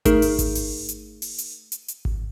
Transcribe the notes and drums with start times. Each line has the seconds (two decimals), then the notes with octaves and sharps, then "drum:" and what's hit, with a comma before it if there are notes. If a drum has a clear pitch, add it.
0.05 A3 D#4 G#4 A#4, drum: kick G#1, hi-hat
0.22 drum: open hi-hat
0.39 drum: kick G#1, hi-hat
0.55 drum: open hi-hat
0.89 drum: hi-hat
1.22 drum: open hi-hat
1.38 drum: hi-hat
1.72 drum: hi-hat
1.88 drum: hi-hat
2.05 drum: kick G#1